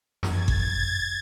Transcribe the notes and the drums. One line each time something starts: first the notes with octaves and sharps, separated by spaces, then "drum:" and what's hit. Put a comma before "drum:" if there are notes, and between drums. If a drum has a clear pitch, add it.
F#2 G#6 A6, drum: snare
drum: kick G1